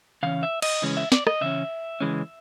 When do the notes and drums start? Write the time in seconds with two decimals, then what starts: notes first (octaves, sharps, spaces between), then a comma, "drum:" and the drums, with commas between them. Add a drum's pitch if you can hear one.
0.23 C#3 E3 C#4 F5
0.43 E5
0.62 D#5, drum: cymbal
0.82 C#3 E3 G#3 C#4
0.97 E5
1.12 D5, drum: snare
1.27 D#5, drum: rim click
1.41 C#3 E3 C#4 E5
2.01 C#3 E3 G#3 C#4